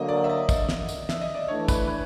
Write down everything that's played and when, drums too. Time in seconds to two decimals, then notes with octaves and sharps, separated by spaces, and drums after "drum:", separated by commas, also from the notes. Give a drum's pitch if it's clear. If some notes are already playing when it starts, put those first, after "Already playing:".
Already playing: D3 F#3 A#3 D#5
0.08 D5
0.24 E5
0.30 D#5
0.49 drum: kick, tambourine
0.69 drum: snare
0.88 drum: tambourine
1.09 E5, drum: snare
1.21 D#5
1.35 D5
1.48 E3 A3 D4 C#5
1.68 B4, drum: kick, tambourine
1.88 B4